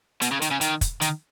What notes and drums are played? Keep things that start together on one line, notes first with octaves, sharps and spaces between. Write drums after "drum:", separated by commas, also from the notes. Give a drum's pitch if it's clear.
B2, drum: hi-hat
C#3
D#3, drum: hi-hat
C#3
D#3, drum: hi-hat
drum: kick, hi-hat
D#3, drum: hi-hat